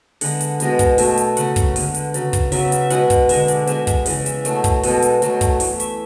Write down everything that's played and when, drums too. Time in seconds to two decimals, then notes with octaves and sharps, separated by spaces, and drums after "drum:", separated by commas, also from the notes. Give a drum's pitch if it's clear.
0.21 D3 G#3 B3 F#5, drum: open hi-hat
0.41 drum: hi-hat
0.60 B2 G#3 B3, drum: hi-hat
0.79 drum: kick, hi-hat
0.98 B2 A3 E5, drum: open hi-hat
1.17 drum: hi-hat
1.37 C#3 F#3 B3 F#5, drum: hi-hat
1.56 drum: kick, hi-hat
1.76 D3 G#3 B3, drum: open hi-hat
1.94 drum: hi-hat
2.14 C#3 F#3 B3, drum: hi-hat
2.33 drum: kick, hi-hat
2.52 C#3 F#3 B3 E5, drum: open hi-hat
2.72 E5, drum: hi-hat
2.90 B2 G#3 B3 F#5, drum: hi-hat
3.10 drum: kick, hi-hat
3.29 D3 G#3 B3 E5, drum: open hi-hat
3.48 D5, drum: hi-hat
3.67 B2 G#3 B3 E5, drum: hi-hat
3.87 E5, drum: kick, hi-hat
4.06 C#3 E3 G#3 F#5, drum: open hi-hat
4.26 E5, drum: hi-hat
4.45 B2 F#3 A3, drum: hi-hat
4.64 drum: kick, hi-hat
4.83 B2 G#3 B3 A4, drum: open hi-hat
5.02 drum: hi-hat
5.22 B2 F#3 A3, drum: hi-hat
5.41 drum: kick, hi-hat
5.60 E3 A3 C#5, drum: open hi-hat
5.80 E5, drum: hi-hat